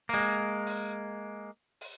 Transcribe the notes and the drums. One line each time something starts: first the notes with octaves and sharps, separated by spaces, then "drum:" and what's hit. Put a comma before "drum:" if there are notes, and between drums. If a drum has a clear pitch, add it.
G#3 A#3, drum: open hi-hat
drum: open hi-hat
drum: open hi-hat